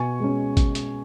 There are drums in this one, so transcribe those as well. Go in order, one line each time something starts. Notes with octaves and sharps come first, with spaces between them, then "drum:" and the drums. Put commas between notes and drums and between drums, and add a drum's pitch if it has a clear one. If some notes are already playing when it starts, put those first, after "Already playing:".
Already playing: B2 G#5 C#6
G#3 C#4
drum: kick, hi-hat
drum: hi-hat